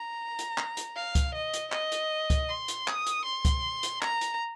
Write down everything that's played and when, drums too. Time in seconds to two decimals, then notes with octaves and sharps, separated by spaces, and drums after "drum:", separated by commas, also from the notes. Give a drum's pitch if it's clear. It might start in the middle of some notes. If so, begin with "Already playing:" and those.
Already playing: A#5
0.39 drum: hi-hat
0.58 drum: clap
0.77 drum: hi-hat
0.96 F5
1.15 drum: kick C#2, hi-hat
1.35 D#5
1.53 drum: hi-hat
1.72 D#5, drum: clap
1.92 drum: hi-hat
2.30 drum: kick C#2, hi-hat
2.49 C6
2.68 drum: hi-hat
2.88 D#6, drum: clap
3.07 drum: hi-hat
3.25 C6
3.45 drum: kick C#2, hi-hat
3.83 drum: hi-hat
4.02 A#5, drum: clap
4.21 drum: hi-hat